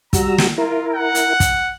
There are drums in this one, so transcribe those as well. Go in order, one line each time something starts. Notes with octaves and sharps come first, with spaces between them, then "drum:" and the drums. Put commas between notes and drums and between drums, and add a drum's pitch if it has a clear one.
G3 F#4 A#5 E6, drum: kick, hi-hat
drum: snare
E4 F4 A#4
F#5
drum: hi-hat
drum: kick, hi-hat